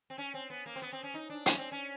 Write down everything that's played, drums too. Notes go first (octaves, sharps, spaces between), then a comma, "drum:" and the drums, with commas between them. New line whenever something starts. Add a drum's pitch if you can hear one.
C4
C#4
C4
B3
A#3
C4
B3
C4
C#4
D#4
D4
C#4, drum: hi-hat
C4
C#4